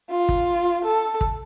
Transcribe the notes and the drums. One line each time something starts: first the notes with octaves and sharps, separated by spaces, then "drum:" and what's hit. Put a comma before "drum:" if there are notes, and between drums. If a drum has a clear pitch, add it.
F4
drum: kick
A4
drum: kick